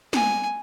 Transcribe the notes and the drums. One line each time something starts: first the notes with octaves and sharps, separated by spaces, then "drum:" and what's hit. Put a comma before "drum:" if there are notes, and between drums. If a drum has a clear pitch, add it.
G#5, drum: snare